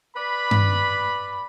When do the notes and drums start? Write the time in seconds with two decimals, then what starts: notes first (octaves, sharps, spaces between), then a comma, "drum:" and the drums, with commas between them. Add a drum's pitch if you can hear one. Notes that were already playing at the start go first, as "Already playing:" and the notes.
0.16 B4 D5 B5
0.51 drum: tom G2